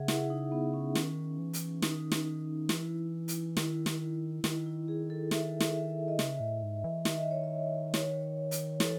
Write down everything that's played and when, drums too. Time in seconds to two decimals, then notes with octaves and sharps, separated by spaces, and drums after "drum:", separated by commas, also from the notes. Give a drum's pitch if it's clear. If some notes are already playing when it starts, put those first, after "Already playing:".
Already playing: C#3 G#4 E5 F#5
0.08 E4, drum: snare
0.30 D#4
0.52 B3
0.74 C#4
0.95 D#3, drum: snare
1.38 E3
1.53 drum: hi-hat
1.82 D#3 D#4, drum: snare
2.12 drum: snare
2.69 E3 E4, drum: snare
3.28 drum: hi-hat
3.57 D#3 E4, drum: snare
3.86 drum: snare
4.44 D#3 E4, drum: snare
4.66 E4
4.88 G#4
5.10 A4
5.31 E5, drum: snare
5.61 drum: snare
5.75 E5
6.08 D#5
6.19 C#3 E5, drum: snare
6.40 A2
6.63 G#2
6.84 E3
7.05 D#3 E5, drum: snare
7.18 D#5
7.31 C#5
7.44 D#5
7.94 C#5, drum: snare
8.51 drum: hi-hat
8.80 E3 A4, drum: snare